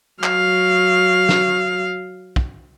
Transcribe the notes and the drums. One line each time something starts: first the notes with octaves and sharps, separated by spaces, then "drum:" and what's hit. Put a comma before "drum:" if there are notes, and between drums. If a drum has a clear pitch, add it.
F#3 F5, drum: clap
drum: snare
drum: kick